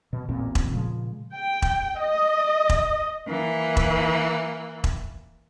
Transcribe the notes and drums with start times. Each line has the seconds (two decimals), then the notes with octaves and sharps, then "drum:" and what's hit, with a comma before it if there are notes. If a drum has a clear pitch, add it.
0.13 B2
0.28 A1 E2 A#2 C4
0.55 drum: kick E1
0.71 A#2 C#3 F3 G#3
1.34 G5
1.62 drum: kick E1
2.00 D#5
2.69 drum: kick E1
3.27 E3 A#3
3.77 drum: kick E1
4.84 drum: kick E1